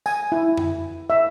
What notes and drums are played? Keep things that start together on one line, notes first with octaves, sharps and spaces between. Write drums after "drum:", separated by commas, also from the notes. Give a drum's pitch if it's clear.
G#5, drum: tambourine
E4
drum: tom F2
E5